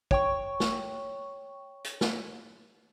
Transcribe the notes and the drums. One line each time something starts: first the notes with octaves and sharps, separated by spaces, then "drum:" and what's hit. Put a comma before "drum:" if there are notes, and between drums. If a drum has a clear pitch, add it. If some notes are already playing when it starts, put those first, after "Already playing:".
C#5 G5 C#6, drum: kick
drum: snare
drum: hi-hat
drum: snare